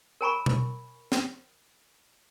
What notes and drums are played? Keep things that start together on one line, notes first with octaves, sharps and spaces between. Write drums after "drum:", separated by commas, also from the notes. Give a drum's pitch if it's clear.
A#4 C#5 G#5 A#5 B5 C#6
drum: tom B2
drum: snare